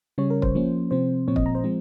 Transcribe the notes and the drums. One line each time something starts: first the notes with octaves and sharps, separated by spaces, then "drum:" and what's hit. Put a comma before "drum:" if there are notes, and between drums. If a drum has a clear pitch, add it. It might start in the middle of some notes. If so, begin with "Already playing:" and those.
C#3 G3 C#4 C#5
A#4
C5, drum: kick
F3 A#3 C#4
C3 F3 C4 C5
A#2 F3 C4 C#5
D#5, drum: kick
A#5
C5
F3 G#3 C4